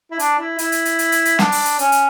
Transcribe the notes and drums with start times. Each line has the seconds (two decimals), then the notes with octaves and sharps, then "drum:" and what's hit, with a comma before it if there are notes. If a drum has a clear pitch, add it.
0.11 E4
0.19 D4, drum: hi-hat
0.39 E4
0.59 E4, drum: hi-hat
0.72 drum: hi-hat
0.85 drum: hi-hat
0.99 drum: hi-hat
1.12 drum: hi-hat
1.25 drum: hi-hat
1.39 D4, drum: snare
1.52 drum: open hi-hat
1.65 drum: hi-hat
1.79 C#4, drum: hi-hat
1.92 drum: hi-hat